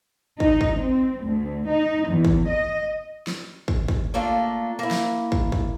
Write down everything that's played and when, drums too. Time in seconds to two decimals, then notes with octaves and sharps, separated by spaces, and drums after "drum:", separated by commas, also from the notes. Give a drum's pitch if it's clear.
0.40 D#4, drum: kick
0.61 drum: kick
0.79 C4
1.23 D2
1.68 D#4
2.08 E2
2.25 drum: kick
2.48 D#5
3.27 drum: snare
3.68 drum: kick
3.88 drum: kick
4.14 A3 A#3 D4 F4
4.79 A#3 E4
4.91 drum: snare
5.32 drum: kick
5.52 drum: kick